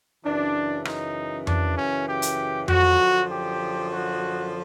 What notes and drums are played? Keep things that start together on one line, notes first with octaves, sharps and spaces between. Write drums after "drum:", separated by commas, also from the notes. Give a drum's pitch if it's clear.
F#2 C#3 E3 D4
D#4, drum: rim click
D4, drum: tom F2
C#4
G4
drum: hi-hat
F#2 D3 F3 F#4, drum: tom F2
G4
F#4